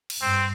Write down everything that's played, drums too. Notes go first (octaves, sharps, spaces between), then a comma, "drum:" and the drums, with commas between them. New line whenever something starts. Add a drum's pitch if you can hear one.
drum: cymbal
G2 C4